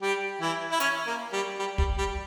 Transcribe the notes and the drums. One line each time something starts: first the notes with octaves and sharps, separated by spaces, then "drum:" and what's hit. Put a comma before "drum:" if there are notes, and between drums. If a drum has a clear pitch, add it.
G3 G4
E3 E4
E4
C#4, drum: hi-hat
A#3
G3
G3
G3, drum: kick
G3